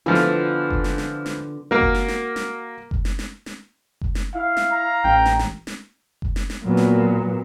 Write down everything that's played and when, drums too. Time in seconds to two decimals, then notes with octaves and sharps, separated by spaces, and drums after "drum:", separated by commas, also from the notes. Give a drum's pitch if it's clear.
0.06 D3 E3 F3 A3 B3 F4
0.15 drum: snare
0.70 drum: kick F#1
0.84 drum: snare
0.98 drum: snare
1.26 drum: snare
1.71 A#3 F#4 A#4
1.81 drum: kick F#1
1.95 drum: snare
2.08 drum: snare
2.36 drum: snare
2.91 drum: kick F#1
3.05 drum: snare
3.19 drum: snare
3.46 drum: snare
4.01 drum: kick F#1
4.15 drum: snare
4.35 E4 F5
4.57 drum: snare
4.73 A#5
5.04 A1 G5
5.26 drum: snare
5.39 drum: snare
5.67 drum: snare
6.22 drum: kick F#1
6.36 drum: snare
6.50 drum: snare
6.63 A#2 F#3 A#3 B3
6.77 drum: snare